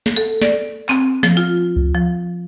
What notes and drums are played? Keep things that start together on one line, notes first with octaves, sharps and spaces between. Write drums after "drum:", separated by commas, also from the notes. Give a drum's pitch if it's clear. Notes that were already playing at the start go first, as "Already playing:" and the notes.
drum: snare
A4
D5, drum: snare
C4, drum: clap
F3, drum: snare
F4, drum: tambourine
drum: kick C#2
F3